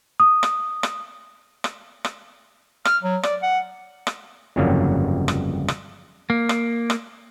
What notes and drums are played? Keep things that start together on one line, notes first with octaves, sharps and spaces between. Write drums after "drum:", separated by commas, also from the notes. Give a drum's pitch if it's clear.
D#6
drum: rim click
drum: rim click
drum: rim click
drum: rim click
F6, drum: rim click
F#3
D5, drum: rim click
F#5
drum: rim click
G1 F2 C#3 F#3 G3 A#3
drum: rim click
drum: rim click
A#3
drum: rim click
drum: rim click